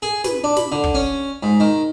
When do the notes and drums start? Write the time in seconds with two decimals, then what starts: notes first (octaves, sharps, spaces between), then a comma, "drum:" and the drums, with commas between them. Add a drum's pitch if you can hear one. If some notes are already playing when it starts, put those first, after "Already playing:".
0.02 G#4
0.24 B4, drum: snare
0.44 D4
0.57 B5, drum: snare
0.72 D3
0.84 drum: kick
0.95 C#4
1.43 G#2
1.60 D#3